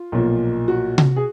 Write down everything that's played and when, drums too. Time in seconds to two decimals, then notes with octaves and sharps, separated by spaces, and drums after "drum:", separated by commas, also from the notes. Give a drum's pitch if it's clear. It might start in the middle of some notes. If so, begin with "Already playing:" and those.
Already playing: F4
0.12 B1 A#2 F3
0.68 F#4
0.98 drum: tom C3
1.16 G#4